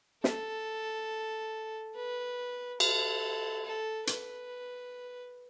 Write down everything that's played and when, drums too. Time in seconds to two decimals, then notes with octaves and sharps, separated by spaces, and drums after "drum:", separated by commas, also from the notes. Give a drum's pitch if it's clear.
0.24 A4, drum: snare
1.95 B4
2.80 A4, drum: cymbal
3.65 A4
4.07 B4, drum: hi-hat